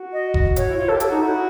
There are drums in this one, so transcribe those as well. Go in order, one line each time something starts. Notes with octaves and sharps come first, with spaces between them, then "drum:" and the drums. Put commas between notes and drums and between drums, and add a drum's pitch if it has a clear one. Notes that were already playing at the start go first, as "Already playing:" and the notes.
Already playing: F#4
D#5
drum: kick F1
C#5, drum: hi-hat
E4
F4 C#5
A4
G4
A4, drum: hi-hat
D#4 F#4
E4 F#4